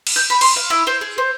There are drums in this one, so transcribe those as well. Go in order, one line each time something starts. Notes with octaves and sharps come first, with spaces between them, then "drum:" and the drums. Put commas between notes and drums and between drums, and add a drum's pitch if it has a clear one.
drum: cymbal
G6
B5
C6, drum: cymbal
F5
E4
C5
G#4
C5